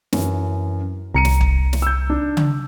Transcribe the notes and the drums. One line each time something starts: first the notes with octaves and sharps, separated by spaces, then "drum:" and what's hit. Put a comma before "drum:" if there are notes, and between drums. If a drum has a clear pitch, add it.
F#2 E3, drum: snare
C2 A#5 C#7 D#7
drum: snare
drum: kick
drum: snare
E6 G6
D4
drum: tom C#3